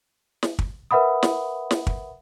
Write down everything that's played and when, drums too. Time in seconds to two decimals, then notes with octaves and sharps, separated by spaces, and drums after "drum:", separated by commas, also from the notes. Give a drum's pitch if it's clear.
0.43 drum: snare
0.59 drum: kick
0.91 A#4 B4 E5 F#5 B5 D#6
1.23 drum: snare
1.71 drum: snare
1.87 drum: kick